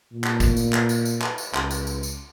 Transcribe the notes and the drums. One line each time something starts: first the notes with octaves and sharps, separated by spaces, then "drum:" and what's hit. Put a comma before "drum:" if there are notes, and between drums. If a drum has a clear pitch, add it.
A#2
drum: clap
drum: kick G#1, tambourine
drum: tambourine
drum: clap
drum: tambourine
drum: tambourine
drum: clap
drum: tambourine
C#2, drum: clap
drum: tambourine
drum: tambourine
drum: tambourine